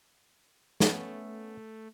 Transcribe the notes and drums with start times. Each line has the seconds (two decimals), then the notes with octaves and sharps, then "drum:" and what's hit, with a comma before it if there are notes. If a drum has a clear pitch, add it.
0.80 A3 B3 C#4 C#5, drum: snare